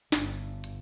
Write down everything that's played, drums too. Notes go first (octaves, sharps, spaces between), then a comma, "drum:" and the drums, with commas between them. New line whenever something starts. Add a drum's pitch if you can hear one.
G1, drum: snare
drum: hi-hat